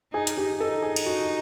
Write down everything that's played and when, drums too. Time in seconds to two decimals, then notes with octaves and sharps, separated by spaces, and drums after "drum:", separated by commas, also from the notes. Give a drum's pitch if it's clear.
0.13 D#4 G#4
0.27 drum: hi-hat
0.37 G4
0.59 D#4 A4
0.82 G#4
0.96 drum: cymbal
1.06 F#4